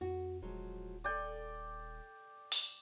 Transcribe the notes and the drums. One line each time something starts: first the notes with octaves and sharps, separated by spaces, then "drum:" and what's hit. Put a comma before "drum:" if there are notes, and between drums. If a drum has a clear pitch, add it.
F2 F#4
D#1 F3 F#3 G#3
A4 D5 G5 G#5
drum: open hi-hat